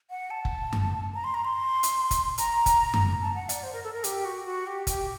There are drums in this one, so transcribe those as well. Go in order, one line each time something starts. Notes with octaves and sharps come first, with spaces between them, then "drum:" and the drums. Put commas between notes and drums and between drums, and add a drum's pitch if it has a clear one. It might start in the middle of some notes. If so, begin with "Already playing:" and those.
F#5
A5
drum: kick F#1
drum: tom F#2
A#5
C6
A#5
C6
drum: hi-hat
drum: kick F#1, hi-hat
A#5, drum: hi-hat
drum: kick F#1, hi-hat
drum: tom F#2
A5
F#5
D5, drum: hi-hat
C5
A#4
A4
A#4
G4, drum: hi-hat
F#4
F#4
G4
G4, drum: kick F#1, hi-hat